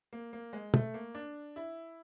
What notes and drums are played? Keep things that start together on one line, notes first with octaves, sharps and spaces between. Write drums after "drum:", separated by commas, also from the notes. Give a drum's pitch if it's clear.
A#3
A#3
G#3
A3, drum: tom
A#3
D4
E4